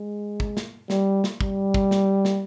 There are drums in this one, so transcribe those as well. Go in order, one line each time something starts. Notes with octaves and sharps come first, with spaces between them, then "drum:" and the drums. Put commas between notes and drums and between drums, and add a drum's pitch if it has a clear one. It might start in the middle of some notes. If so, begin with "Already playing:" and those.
Already playing: G#3
drum: kick
drum: snare
G3, drum: snare
drum: snare
G3, drum: kick
drum: kick
drum: snare
drum: snare